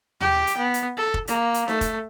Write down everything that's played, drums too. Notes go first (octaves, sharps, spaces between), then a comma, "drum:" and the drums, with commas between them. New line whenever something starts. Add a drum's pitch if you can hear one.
G4 G5, drum: tom D#2
drum: hi-hat
B3
drum: hi-hat
A4
drum: kick
A#3, drum: hi-hat
drum: hi-hat
A3, drum: snare D#4
drum: kick, hi-hat